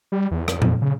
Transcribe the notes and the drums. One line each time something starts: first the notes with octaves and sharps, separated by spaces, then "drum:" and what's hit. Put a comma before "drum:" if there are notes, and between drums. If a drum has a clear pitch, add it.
G3
E2
F2, drum: rim click
drum: tom A#2
C#3